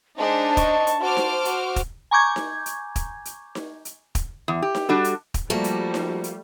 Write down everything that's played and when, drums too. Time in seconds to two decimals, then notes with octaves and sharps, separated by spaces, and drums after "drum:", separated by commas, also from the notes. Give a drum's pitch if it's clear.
0.18 G#3 D4 D#4 C5 A5
0.57 D#5 C#6, drum: kick, hi-hat
0.87 drum: hi-hat
1.02 F#4 C5 D6 F6
1.17 drum: snare D#4
1.45 F#4, drum: hi-hat
1.76 drum: kick, hi-hat
2.11 G#5 A#5 C#6 D6 G6 G#6
2.36 drum: snare D#4
2.66 drum: hi-hat
2.96 drum: kick, hi-hat
3.25 drum: hi-hat
3.55 drum: snare D#4
3.85 drum: hi-hat
4.15 drum: kick, hi-hat
4.48 E2
4.62 G4
4.75 drum: snare D#4
4.89 G3 D4 F#4 A4
5.04 drum: hi-hat
5.34 drum: kick, hi-hat
5.50 F3 G3 A3 A#3 F#4
5.64 drum: hi-hat
5.94 drum: snare D#4
6.24 drum: hi-hat